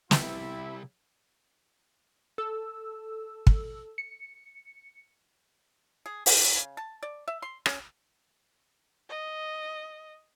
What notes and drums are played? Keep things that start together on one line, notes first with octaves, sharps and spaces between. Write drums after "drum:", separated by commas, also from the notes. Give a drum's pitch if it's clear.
C2 G3 C4 E4, drum: snare
A4 E6
drum: kick
C#7
G#4
G4, drum: open hi-hat
F#3
C#3
A5
D5
E5
C6
C#4, drum: rim click
D#5